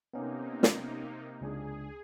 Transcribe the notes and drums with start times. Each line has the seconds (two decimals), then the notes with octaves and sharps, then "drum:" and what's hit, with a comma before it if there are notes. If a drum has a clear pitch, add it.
0.14 C3 A#3 B3 C#4 D#4
0.63 drum: snare
1.41 C#2 D4 G#4